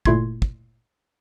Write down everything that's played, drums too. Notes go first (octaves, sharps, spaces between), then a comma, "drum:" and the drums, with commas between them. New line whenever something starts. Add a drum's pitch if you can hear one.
G1 A#2 A3 E4 C6 G#6, drum: kick
drum: kick